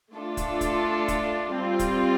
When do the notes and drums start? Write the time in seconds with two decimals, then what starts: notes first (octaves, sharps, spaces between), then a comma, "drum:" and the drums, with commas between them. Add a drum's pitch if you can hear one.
0.13 A3 D4 F4 A4
0.37 drum: kick, hi-hat
0.61 drum: kick, hi-hat
1.08 drum: kick, hi-hat
1.56 G3 C4 F4
1.79 drum: kick, hi-hat